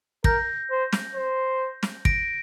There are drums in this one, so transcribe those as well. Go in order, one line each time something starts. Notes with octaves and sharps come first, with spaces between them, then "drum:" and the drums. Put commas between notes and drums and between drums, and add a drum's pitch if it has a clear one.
A#4 G6 A#6, drum: kick
C5
drum: snare
C5
drum: snare
A#6 D7, drum: kick